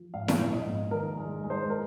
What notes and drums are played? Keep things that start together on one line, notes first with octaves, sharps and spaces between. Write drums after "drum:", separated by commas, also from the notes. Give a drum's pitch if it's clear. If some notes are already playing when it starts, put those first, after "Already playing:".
Already playing: F3
G#2 F5
drum: snare E4
A#1
D#5
G#2
D#3 A#4
G#3
G#3
C5
A#4